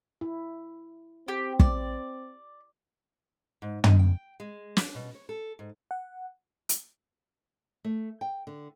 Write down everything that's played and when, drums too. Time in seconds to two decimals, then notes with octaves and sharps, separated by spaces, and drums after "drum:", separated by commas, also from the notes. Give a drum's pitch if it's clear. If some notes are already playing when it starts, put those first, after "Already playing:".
0.21 E4
1.28 C4 G4
1.60 D5, drum: kick
3.62 G#2
3.84 D#5, drum: tom
3.99 G5
4.40 G#3
4.77 D4, drum: snare
4.95 B2
5.15 C#5
5.29 A4
5.59 G#2
5.91 F#5
6.69 drum: hi-hat
7.84 A3
8.21 G5
8.47 D3